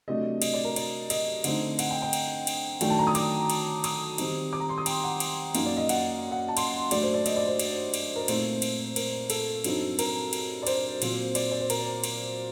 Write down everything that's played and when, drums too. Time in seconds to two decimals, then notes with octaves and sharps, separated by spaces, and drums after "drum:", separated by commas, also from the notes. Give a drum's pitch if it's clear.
0.08 C3 F#3 A3 D4 D#5
0.42 D#5, drum: cymbal
0.54 D5
0.65 A#4
0.76 D5, drum: cymbal
1.10 D#5, drum: cymbal
1.44 D3 A3 C4 D#4, drum: cymbal
1.79 F#5, drum: cymbal
1.91 G5
2.02 G5
2.13 drum: cymbal
2.47 drum: cymbal
2.81 D#3 F#3 A3 D4 G5, drum: cymbal
2.90 A5
2.99 A#5
3.07 D#6
3.15 D6, drum: cymbal
3.50 drum: cymbal
3.84 D#6, drum: cymbal
4.18 D#3 G3 C4 D#4, drum: cymbal
4.53 D6
4.60 A#5
4.69 C6
4.78 D#6
4.86 G5, drum: cymbal
5.04 F#5
5.20 drum: cymbal
5.55 F#2 F#3 A#3 D#4, drum: cymbal
5.66 D5
5.77 D#5
5.89 F#5, drum: cymbal
6.31 F#5
6.48 A5
6.57 C6, drum: cymbal
6.91 G2 F#3 A3 D4 D5, drum: cymbal
7.03 C5
7.14 D5
7.26 D#5, drum: cymbal
7.36 D5
7.48 C5
7.59 drum: cymbal
7.94 drum: cymbal
8.16 A#4
8.28 A#2 A3 C4 D#4 C5, drum: cymbal
8.62 drum: cymbal
8.96 A#4, drum: cymbal
9.30 A4, drum: cymbal
9.64 G2 F#3 C4 D#4, drum: cymbal
9.99 A#4, drum: cymbal
10.33 drum: cymbal
10.62 D5
10.67 C5, drum: cymbal
11.02 A#2 F#3 C4, drum: cymbal
11.35 D5, drum: cymbal
11.51 D5
11.60 C5
11.70 A#4, drum: cymbal
12.04 drum: cymbal